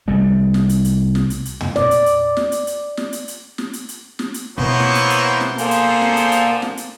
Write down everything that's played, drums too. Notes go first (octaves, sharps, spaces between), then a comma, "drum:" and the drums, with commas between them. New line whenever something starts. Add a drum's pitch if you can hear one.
C2 G3 A3
drum: snare
drum: hi-hat
drum: hi-hat
drum: snare
drum: hi-hat
drum: hi-hat
drum: tom
D5, drum: snare
drum: hi-hat
drum: hi-hat
drum: snare
drum: hi-hat
drum: hi-hat
drum: snare
drum: hi-hat
drum: hi-hat
drum: snare
drum: hi-hat
drum: hi-hat
drum: snare
drum: hi-hat
B2 E3 A#3 B3 C5 C#5
drum: snare
drum: hi-hat
drum: hi-hat
drum: snare
D3 F3 A#3 G#4 A4 C5, drum: hi-hat
drum: hi-hat
drum: snare
drum: hi-hat
drum: hi-hat
drum: snare
drum: hi-hat